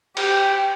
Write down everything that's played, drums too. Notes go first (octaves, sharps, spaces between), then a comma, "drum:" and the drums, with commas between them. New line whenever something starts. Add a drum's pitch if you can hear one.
G4, drum: cymbal